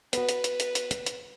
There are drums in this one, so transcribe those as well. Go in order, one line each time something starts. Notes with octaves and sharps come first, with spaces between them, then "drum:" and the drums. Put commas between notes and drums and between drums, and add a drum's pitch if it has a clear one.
B3 F#4 B4, drum: hi-hat
drum: hi-hat
drum: hi-hat
drum: hi-hat
drum: hi-hat
drum: hi-hat
drum: hi-hat